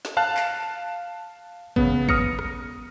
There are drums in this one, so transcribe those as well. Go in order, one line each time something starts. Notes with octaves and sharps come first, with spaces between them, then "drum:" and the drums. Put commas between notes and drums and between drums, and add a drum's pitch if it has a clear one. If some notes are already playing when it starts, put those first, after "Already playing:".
drum: snare
F5 A5 F#6
drum: clap
C#3 B3, drum: kick
D#6 F6 A#6 C#7, drum: kick
drum: rim click